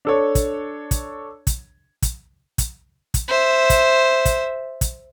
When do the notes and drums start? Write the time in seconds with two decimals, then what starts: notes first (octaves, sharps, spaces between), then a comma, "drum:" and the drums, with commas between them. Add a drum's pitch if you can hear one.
0.05 D4 A4 C#5
0.35 drum: kick, hi-hat
0.91 drum: kick, hi-hat
1.47 drum: kick, hi-hat
2.02 drum: kick, hi-hat
2.58 drum: kick, hi-hat
3.14 drum: kick, hi-hat
3.28 C5 E5
3.70 drum: kick, hi-hat
4.25 drum: kick, hi-hat
4.81 drum: kick, hi-hat